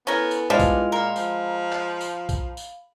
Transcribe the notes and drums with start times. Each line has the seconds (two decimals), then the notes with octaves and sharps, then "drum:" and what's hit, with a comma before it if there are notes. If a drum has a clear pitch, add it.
0.07 B3 C#4 E4 A4 A#4 G#5
0.31 drum: tambourine
0.50 F3 G3 G#3 B3 D4 E4 F4 F5
0.59 drum: kick B1, tambourine
0.92 A#2 A#4 F5 B5
1.16 F3, drum: tambourine
1.72 drum: clap
2.01 drum: tambourine
2.29 drum: kick B1, tambourine
2.57 drum: tambourine